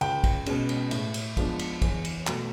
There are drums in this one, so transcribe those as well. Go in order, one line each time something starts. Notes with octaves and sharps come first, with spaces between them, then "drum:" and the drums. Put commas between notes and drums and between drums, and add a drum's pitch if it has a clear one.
C#2 G5, drum: cymbal
drum: kick, cymbal
B2 G#3 C#4, drum: cymbal
drum: cymbal
A2, drum: cymbal
drum: cymbal
F3 G#3 B3 D4, drum: kick, cymbal
drum: cymbal
E2, drum: kick, cymbal
drum: cymbal
B2 F#3 A3, drum: clap